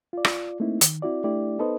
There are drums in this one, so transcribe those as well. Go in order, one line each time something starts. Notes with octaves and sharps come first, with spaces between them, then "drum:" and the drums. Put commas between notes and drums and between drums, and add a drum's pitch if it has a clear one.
F4 D5
drum: rim click
A3 A#3 C4 D#4 E4
D#3, drum: hi-hat
C4 E4 F#4 D5
A3 D4 E4 G4 D5
B3 D#4 A4 B4 C5 D#5